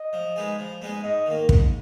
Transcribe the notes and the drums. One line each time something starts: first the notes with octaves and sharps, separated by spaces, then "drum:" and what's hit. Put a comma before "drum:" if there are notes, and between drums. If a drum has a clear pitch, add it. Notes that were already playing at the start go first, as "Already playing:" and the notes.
Already playing: D#5
F3
G#3 B3 D#4 G#4
F3
G#3 B3 D#4 G#4
G#2 D#5
D#3 A#3
G#2, drum: kick